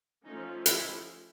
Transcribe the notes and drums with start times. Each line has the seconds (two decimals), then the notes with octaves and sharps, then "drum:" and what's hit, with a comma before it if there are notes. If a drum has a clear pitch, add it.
0.25 F3 A3 C#4 D#4
0.66 E4, drum: hi-hat